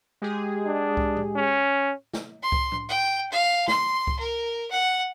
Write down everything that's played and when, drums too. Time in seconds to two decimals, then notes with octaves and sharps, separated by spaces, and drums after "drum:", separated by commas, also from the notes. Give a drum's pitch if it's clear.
0.22 G#3 G4 G#4
0.66 D4
0.97 drum: kick C2
1.17 drum: tom A2
1.36 C#4
2.13 drum: snare
2.43 C6
2.52 drum: kick C2
2.72 drum: tom A2
2.89 G5
3.32 F5
3.68 C6, drum: snare
4.07 drum: kick C2
4.19 A#4
4.71 F#5